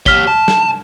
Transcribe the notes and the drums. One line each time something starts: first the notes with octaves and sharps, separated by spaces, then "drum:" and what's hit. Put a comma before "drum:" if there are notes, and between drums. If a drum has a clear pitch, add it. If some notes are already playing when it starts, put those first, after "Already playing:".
G4 C#5 F6 B6 G7, drum: kick
A5
drum: snare